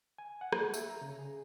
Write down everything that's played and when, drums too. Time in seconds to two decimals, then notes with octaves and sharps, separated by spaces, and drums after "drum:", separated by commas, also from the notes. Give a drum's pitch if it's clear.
0.18 G#5
0.41 F#5
0.53 A#3, drum: rim click
0.74 E5, drum: tambourine
0.90 A#5
1.01 C#3
1.19 G#4